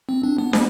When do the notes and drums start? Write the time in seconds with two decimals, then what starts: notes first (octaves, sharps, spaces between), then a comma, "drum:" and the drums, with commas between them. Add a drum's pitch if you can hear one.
0.09 C4
0.23 D4
0.38 B3
0.53 drum: snare